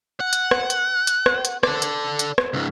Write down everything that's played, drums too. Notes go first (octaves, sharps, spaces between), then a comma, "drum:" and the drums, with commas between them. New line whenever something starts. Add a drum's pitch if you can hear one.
F#5
drum: hi-hat
drum: rim click
drum: hi-hat
drum: hi-hat
drum: rim click
drum: hi-hat
A4 D5, drum: rim click
drum: hi-hat
drum: hi-hat
drum: rim click
C#2 G#2